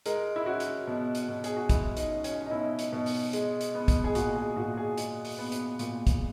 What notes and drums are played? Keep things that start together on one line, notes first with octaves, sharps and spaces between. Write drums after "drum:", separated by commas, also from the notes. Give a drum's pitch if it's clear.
G#3 A#4, drum: hi-hat
E4
C#4 F#4
drum: hi-hat
B2
drum: hi-hat
B2
G#4, drum: hi-hat
F#4
G#3 E4, drum: kick, hi-hat
D#4, drum: hi-hat
C#4
C#4, drum: hi-hat
D#4
B2 E4
drum: hi-hat
B2
drum: open hi-hat
G#3, drum: hi-hat
drum: hi-hat
B3
drum: kick, hi-hat
G#4
A#2 F#4, drum: hi-hat
G#4
A#2 F#4
G#4
G#3, drum: hi-hat
drum: open hi-hat
B3
drum: hi-hat
A#2, drum: hi-hat
drum: kick, hi-hat